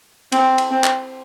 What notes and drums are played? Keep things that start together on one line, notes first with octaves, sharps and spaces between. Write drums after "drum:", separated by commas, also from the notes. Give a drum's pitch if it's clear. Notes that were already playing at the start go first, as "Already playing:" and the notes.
C4, drum: cymbal
drum: cymbal
C4
drum: clap